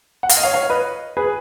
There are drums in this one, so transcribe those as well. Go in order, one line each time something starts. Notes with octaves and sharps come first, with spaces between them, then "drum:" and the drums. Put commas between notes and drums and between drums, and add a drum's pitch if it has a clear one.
F#5
F5, drum: hi-hat
D#5
C#5 F5
C#5 F5
B4 D#5
G#4 B4